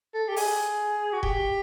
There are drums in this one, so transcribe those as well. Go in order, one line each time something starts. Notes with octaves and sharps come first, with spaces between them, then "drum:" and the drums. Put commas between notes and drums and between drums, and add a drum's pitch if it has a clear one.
A4
G4
G#4, drum: open hi-hat
F#4
G4, drum: kick E1